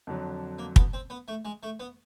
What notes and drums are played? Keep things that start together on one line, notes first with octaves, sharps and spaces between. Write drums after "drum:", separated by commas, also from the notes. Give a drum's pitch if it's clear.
F2 D3 F#3
A#3
B3, drum: kick
C4
B3
A3
G#3
A3
B3